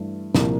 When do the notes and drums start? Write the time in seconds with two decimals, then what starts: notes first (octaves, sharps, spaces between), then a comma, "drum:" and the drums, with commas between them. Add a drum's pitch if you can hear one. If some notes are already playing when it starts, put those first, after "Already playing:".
Already playing: G2 E3 A3
0.35 C2 A#2 F3 A#3, drum: snare